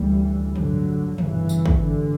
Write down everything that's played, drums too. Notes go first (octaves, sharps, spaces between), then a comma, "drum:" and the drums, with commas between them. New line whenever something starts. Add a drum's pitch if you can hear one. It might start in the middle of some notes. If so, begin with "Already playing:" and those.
Already playing: D2 C#3 E3 G3
A1 G2 D3 F#3, drum: tom
G1 G2 C#3 E3, drum: tom
drum: tambourine
drum: kick
A1 G2 D3